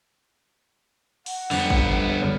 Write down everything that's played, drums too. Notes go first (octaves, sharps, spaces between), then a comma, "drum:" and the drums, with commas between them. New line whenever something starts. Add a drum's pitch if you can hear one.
F#5, drum: open hi-hat
F2 D3 G3 B3, drum: cymbal
drum: kick
F#1 D3 F6